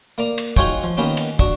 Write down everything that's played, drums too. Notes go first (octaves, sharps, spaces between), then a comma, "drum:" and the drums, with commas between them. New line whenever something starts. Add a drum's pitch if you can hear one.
A#3 D5 A#5
drum: cymbal
D#4 F4 F#4 G#4 C#5 G5, drum: kick
F3
D#3 A#3 B3 C#4 G4
drum: cymbal
D4 F#4, drum: kick